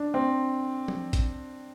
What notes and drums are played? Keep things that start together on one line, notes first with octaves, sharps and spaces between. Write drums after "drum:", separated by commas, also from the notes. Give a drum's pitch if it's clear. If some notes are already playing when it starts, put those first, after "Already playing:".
Already playing: D4
C4
drum: tom F3
drum: kick, hi-hat